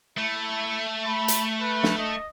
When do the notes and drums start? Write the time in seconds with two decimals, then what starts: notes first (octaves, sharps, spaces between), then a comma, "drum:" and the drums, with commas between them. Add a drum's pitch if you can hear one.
0.18 A3 E4
1.06 B5
1.28 drum: hi-hat
1.61 B4
1.83 drum: snare
1.98 D#5